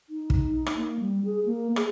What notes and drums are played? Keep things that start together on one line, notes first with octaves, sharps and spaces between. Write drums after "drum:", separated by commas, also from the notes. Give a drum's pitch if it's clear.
D#4
drum: kick
drum: rim click
A#3
G3
G#4
A#3
G#4, drum: rim click